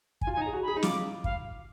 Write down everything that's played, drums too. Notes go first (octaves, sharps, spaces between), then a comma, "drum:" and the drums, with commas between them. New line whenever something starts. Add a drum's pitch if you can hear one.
G#5, drum: kick
F4
D#4 G#5
G#4 A#5
F#4
B5
G#4
D#4
F4 D6, drum: snare
F5, drum: kick